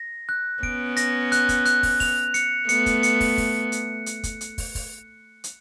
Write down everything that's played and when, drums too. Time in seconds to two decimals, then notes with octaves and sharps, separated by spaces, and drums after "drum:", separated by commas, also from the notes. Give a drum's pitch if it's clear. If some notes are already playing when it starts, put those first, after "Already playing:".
Already playing: A#6
0.29 F#6
0.63 B3 C#4 D7, drum: kick
0.97 A#6, drum: hi-hat
1.32 F#6, drum: hi-hat
1.49 drum: kick, hi-hat
1.66 F#6, drum: hi-hat
1.83 drum: kick, open hi-hat
2.00 F7, drum: kick, open hi-hat
2.34 C#7, drum: hi-hat
2.69 A3 B3 C#7, drum: hi-hat
2.86 drum: kick, hi-hat
3.03 C#7, drum: hi-hat
3.20 drum: kick, open hi-hat
3.38 drum: kick, open hi-hat
3.72 drum: hi-hat
4.06 drum: hi-hat
4.23 drum: kick, hi-hat
4.41 drum: hi-hat
4.58 drum: kick, open hi-hat
4.75 drum: kick, open hi-hat
5.44 drum: hi-hat